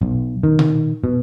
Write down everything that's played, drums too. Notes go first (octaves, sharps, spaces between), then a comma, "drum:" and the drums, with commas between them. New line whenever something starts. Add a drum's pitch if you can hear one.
B1
D#3
drum: tom A#2
B2